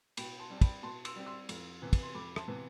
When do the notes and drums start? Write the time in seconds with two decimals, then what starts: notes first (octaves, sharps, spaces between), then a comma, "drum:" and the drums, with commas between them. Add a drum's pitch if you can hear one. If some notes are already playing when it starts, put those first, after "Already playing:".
0.17 B2 G5 B5, drum: cymbal
0.39 A5 C6
0.50 G3 C4
0.57 A5
0.61 G5 B5, drum: kick, cymbal
0.83 B2 A5 C6
1.05 C6 E6, drum: cymbal
1.16 G3 C4
1.26 C6 E6
1.49 F2, drum: cymbal
1.82 C3 E3 B3
1.93 drum: kick, cymbal
2.03 C6
2.14 F2 B5 D6
2.36 A5 C6, drum: rim click
2.48 C3 E3 B3